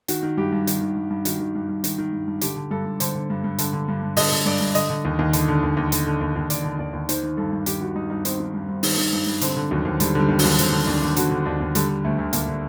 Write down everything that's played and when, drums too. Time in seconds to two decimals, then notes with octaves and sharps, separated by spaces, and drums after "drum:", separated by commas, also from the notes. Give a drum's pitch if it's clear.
0.08 D#3 F#4, drum: hi-hat
0.23 D#3
0.37 G2 G4
0.52 G2
0.67 D#3, drum: hi-hat
0.81 D#3
0.97 G2
1.10 G2
1.25 D#3 F#4, drum: hi-hat
1.40 D#3
1.55 G2
1.69 G2
1.84 D#3, drum: hi-hat
1.98 D#3
2.13 G2
2.27 G2
2.41 D3 G4, drum: hi-hat
2.56 D3
2.71 G2 A4
2.86 G2
3.00 D3 C5, drum: hi-hat
3.15 D3
3.30 G2
3.44 G2
3.58 D3, drum: hi-hat
3.73 D3
3.88 G2
4.03 G2
4.16 D3 D#5, drum: open hi-hat
4.32 D3
4.45 G2 D5
4.60 G2
4.75 D3 D#5, drum: hi-hat
4.90 D3
5.05 D#2
5.19 D#2
5.33 D3, drum: hi-hat
5.48 D3
5.63 D#2
5.77 D#2
5.92 D3, drum: hi-hat
6.06 D3
6.21 D#2
6.36 D#2
6.50 D3 D5, drum: hi-hat
6.64 D3
6.79 D#2 D5
6.93 D#2
7.09 D#3 C5, drum: hi-hat
7.23 D#3
7.37 G2 A4
7.53 G2
7.66 D#3 G4, drum: hi-hat
7.81 D#3 F#4
7.96 G2 D#4
8.10 G2 D#4
8.25 D#3 C4, drum: hi-hat
8.40 D#3
8.54 G2
8.68 G2
8.83 D#3, drum: open hi-hat
8.98 D#3
9.13 G2
9.27 G2
9.41 D3 C4, drum: hi-hat
9.57 D3
9.71 D#2 F#3
9.85 D#2
10.00 D3 G3, drum: hi-hat
10.15 D3 G3
10.29 D#2
10.39 D#2 F#3, drum: open hi-hat
10.58 D3 C4, drum: hi-hat
10.72 D3
10.87 D#2 D4
11.02 D#2
11.16 D3 F#4, drum: hi-hat
11.31 D3
11.45 D#2 D4
11.61 D#2
11.75 D3 G3, drum: hi-hat
11.89 D3
12.05 D2 A3
12.19 D2
12.33 D3 A#3, drum: hi-hat
12.48 D3